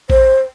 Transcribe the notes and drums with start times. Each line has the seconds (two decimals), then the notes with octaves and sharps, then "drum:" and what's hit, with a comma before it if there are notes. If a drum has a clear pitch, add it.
0.10 C5, drum: kick A#1